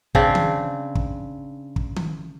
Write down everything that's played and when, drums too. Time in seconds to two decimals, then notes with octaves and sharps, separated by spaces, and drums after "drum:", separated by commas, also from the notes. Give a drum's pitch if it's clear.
0.15 C#3 C4 D4, drum: kick
0.35 drum: tom D#3
0.95 drum: kick
1.76 drum: kick
1.96 drum: tom D#3